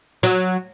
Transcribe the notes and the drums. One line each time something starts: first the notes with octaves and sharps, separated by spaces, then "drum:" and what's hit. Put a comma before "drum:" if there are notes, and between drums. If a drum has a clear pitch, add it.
F#3, drum: hi-hat